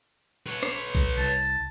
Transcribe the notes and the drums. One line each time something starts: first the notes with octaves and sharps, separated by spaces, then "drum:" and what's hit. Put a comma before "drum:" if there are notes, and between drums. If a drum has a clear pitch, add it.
B4 C#5, drum: open hi-hat
drum: rim click
drum: hi-hat
drum: kick B1, hi-hat
C2 A5
drum: hi-hat
drum: open hi-hat